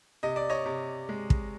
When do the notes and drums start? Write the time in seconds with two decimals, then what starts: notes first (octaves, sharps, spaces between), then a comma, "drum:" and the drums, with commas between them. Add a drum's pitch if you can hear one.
0.23 C3 D#5
0.36 D5
0.49 C#5 D#5
0.66 C3
1.09 G#3
1.30 drum: kick